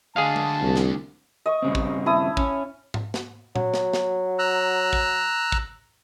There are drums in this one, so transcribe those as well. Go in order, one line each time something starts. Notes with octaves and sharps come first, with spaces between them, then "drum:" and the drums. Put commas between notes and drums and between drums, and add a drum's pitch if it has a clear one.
D2 D3 G#4 D#5 F5 A5
drum: tom G#3
C2
drum: snare
D#5 C#6
G2 C#3 C4
drum: kick
E4 A5 D#6
C#4, drum: kick
drum: tom G#2
drum: snare
F#3, drum: tom A#2
drum: snare
drum: snare
A#5 E6 F#6
drum: kick
drum: kick